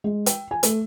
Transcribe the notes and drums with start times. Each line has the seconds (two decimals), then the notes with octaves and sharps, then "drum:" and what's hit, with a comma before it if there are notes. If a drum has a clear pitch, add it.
0.04 G#3
0.26 G5, drum: hi-hat
0.51 G#5
0.63 A3, drum: hi-hat